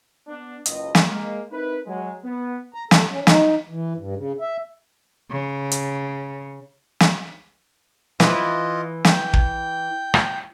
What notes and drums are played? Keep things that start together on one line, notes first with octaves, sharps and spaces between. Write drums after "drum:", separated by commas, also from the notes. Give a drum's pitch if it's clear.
B3 D4
F#1 C#2 D#5, drum: hi-hat
drum: snare
G#3 A#3
C4 D#4 E4 A#4 B4
F#3 G#3
B3
A#5
A4, drum: snare
C#4
D#4, drum: snare
E3
G2
C#3
E5
C#3
drum: hi-hat
drum: snare
E3 F4 D#5, drum: snare
G5, drum: snare
drum: kick
drum: rim click